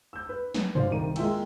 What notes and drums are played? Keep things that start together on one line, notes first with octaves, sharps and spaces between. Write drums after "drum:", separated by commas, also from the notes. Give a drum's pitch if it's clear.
E6 G6
B4
drum: snare
C5 D5 F5, drum: tom G2
C2 D#3 D#7
G#3 A#3 F4 E5 G5 E6, drum: cymbal